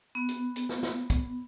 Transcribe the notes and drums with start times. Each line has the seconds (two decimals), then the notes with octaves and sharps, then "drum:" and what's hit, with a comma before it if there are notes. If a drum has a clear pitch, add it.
0.15 B3
0.29 drum: hi-hat
0.56 drum: hi-hat
0.69 drum: snare
0.83 drum: snare
1.10 drum: kick, hi-hat